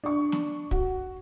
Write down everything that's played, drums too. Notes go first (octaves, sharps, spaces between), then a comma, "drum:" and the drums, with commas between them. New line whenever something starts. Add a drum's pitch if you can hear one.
D4 C#6
drum: snare
F#4, drum: kick